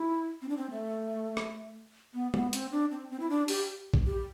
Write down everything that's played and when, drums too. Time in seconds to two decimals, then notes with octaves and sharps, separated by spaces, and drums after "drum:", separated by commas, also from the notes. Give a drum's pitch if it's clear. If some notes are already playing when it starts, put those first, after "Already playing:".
Already playing: E4
0.42 C4
0.49 D4
0.57 C4
0.71 A3
1.37 drum: rim click
2.14 B3
2.34 B3, drum: tom G#3
2.53 C4, drum: hi-hat
2.72 D4
2.91 C4
3.10 C4
3.20 E4
3.30 D4
3.48 G4, drum: open hi-hat
3.94 drum: kick
4.07 G4